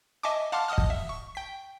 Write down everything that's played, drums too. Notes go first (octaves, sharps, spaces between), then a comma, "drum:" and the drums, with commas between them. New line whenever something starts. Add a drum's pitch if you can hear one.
D#5 E5 G#5 A5 C#6 D6
F5 F#5 A5 C6 D6 F6
D#5 F#5 A5 D#6 F6
drum: kick
E5
C#6
G5 B6